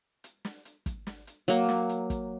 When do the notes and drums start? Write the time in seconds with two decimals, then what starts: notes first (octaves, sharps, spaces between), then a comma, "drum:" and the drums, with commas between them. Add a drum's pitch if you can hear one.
0.24 drum: hi-hat
0.45 drum: snare
0.65 drum: hi-hat
0.86 drum: kick, hi-hat
1.07 drum: snare
1.27 drum: hi-hat
1.48 F#3 A#3
1.69 drum: snare
1.89 drum: hi-hat
2.10 drum: kick, hi-hat